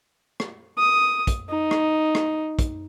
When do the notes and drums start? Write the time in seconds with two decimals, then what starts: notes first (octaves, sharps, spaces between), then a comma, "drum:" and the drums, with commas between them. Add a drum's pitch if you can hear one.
0.40 drum: rim click
0.78 D#6
1.27 drum: kick, hi-hat
1.49 D#4
1.71 drum: rim click
2.15 drum: rim click
2.59 drum: kick, hi-hat